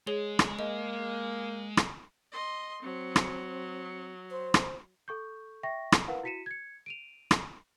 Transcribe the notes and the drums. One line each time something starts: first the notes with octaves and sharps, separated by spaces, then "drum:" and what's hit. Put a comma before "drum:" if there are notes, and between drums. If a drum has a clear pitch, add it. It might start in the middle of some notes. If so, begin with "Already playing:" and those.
G#3 G#4 C#5 G7
drum: rim click
A#3 D#5
drum: rim click
D#5 C6
F#3 C4
drum: rim click
C5
drum: rim click
A4 C#6 G6
E5 G5 C#6 A#6
drum: rim click
E4 A#4 B4 F5 F#5
E4 F#4 B6 C#7 D#7 E7
G#6 C#7
D7 D#7 F7
drum: rim click